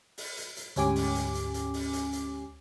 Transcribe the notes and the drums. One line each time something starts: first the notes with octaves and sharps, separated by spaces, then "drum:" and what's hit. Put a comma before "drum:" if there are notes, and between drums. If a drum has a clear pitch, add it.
drum: open hi-hat
drum: hi-hat
drum: hi-hat
D2 G#2 C#4 G4 G#5 D6, drum: hi-hat
drum: open hi-hat
drum: hi-hat
drum: hi-hat
drum: hi-hat
drum: open hi-hat
drum: hi-hat
drum: hi-hat